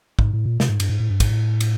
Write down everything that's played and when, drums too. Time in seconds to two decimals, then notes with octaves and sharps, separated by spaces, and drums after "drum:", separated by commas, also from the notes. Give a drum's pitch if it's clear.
0.19 G#2, drum: kick
0.33 A2
0.46 A#2
0.60 C3, drum: snare
0.69 G#2
0.80 G2, drum: cymbal
0.89 G#2
1.00 A2
1.10 G2
1.20 G#2, drum: kick, cymbal
1.30 A2
1.61 drum: cymbal